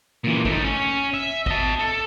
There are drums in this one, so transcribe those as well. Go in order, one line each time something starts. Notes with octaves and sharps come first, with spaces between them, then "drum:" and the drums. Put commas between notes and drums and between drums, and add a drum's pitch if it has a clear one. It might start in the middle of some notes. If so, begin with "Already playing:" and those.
A#2 E3
A3 D#4, drum: kick G#1
C#4
E5
D#5 A5, drum: kick G#1
A4